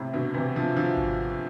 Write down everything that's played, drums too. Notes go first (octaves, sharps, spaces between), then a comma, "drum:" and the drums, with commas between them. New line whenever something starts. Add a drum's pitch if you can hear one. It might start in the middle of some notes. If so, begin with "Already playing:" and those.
Already playing: A2 C3
B2 D3
C3 E3
D3 F3
D3 F3
drum: kick G#1